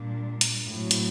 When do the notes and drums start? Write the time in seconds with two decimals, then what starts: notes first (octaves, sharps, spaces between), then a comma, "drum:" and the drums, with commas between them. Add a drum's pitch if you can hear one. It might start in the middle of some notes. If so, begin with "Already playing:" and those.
Already playing: A#2 G3 D4
0.41 drum: hi-hat
0.66 A2 F#3 C4
0.91 drum: hi-hat